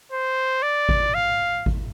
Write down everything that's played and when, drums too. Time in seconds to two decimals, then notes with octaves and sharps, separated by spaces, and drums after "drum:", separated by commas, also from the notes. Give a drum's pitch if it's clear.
0.12 C5
0.62 D5
0.89 drum: kick G#1
1.14 F5
1.66 drum: kick G#1